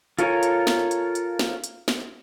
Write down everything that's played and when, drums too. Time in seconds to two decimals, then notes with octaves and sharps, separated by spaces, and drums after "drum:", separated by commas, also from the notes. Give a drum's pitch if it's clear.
0.19 F4 A4 A#4 C#5 G#5, drum: hi-hat
0.43 drum: hi-hat
0.67 drum: snare
0.91 drum: hi-hat
1.15 drum: hi-hat
1.39 drum: snare
1.64 drum: hi-hat
1.88 drum: snare